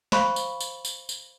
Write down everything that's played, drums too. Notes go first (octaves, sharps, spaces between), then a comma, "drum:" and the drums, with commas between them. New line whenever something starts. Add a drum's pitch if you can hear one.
C5 F5 B5 C#6, drum: snare
drum: tambourine
drum: tambourine
drum: tambourine
drum: tambourine